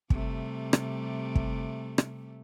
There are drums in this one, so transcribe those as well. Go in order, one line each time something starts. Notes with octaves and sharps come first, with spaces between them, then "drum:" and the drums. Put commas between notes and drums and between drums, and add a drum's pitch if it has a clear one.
C3 G3 A3, drum: kick
drum: rim click
drum: kick
drum: rim click